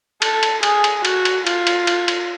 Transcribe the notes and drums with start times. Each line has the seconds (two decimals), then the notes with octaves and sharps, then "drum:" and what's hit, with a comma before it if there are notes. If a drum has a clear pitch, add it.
0.22 A4, drum: cymbal
0.43 drum: cymbal
0.63 G#4, drum: cymbal
0.84 drum: cymbal
1.05 F#4, drum: cymbal
1.25 drum: cymbal
1.47 F4, drum: cymbal
1.67 drum: cymbal
1.87 drum: cymbal
2.08 drum: cymbal